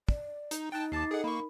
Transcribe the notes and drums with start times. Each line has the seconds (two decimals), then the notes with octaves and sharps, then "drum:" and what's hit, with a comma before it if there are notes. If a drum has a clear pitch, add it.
0.09 D5, drum: kick
0.51 D#4, drum: hi-hat
0.72 D#4 G5 A5 F#6 A6
0.92 D#2 A5 D6 A6 C7
1.11 G#4 A4 D#5 F#5
1.24 A#3 A#4 B5 C#6